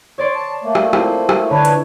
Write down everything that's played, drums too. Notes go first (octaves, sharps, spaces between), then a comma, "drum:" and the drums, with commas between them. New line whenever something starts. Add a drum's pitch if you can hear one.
C#5 D5 C6
A5
A3 A#3
drum: rim click
C4 E4 F4, drum: rim click
drum: rim click
D3 D4 B4 C#5 E5
drum: hi-hat